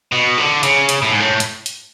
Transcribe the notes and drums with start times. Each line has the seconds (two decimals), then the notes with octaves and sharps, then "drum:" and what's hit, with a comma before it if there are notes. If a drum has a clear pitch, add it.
0.12 B2
0.38 D3
0.63 C#3, drum: hi-hat
0.89 drum: hi-hat
1.02 A2
1.11 G#2
1.20 A2
1.40 drum: hi-hat
1.66 drum: hi-hat